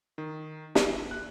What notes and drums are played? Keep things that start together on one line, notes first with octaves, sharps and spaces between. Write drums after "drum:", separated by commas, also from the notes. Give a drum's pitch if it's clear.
D#3
E3, drum: snare
F#6